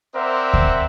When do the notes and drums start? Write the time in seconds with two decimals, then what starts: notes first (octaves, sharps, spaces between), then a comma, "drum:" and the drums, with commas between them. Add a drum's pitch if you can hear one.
0.16 C4 A#4 C5 D5 E5 F#5
0.54 drum: kick D2